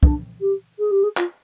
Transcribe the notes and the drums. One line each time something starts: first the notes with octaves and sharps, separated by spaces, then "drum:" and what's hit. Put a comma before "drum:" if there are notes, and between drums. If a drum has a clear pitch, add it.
D4, drum: kick
G4
G#4
G4
G#4
F4, drum: clap